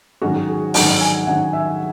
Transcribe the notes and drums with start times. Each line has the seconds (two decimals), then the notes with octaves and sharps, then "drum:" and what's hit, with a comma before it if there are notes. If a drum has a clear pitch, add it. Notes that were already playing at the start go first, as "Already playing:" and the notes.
0.22 G#2 D#3 F#3 C#4 F#4
0.48 G#4
0.74 G#2 D#3 F#3 C#4 F#5, drum: open hi-hat
1.01 G#5
1.26 G#2 D#3 F#3 C#4 F#5
1.53 E5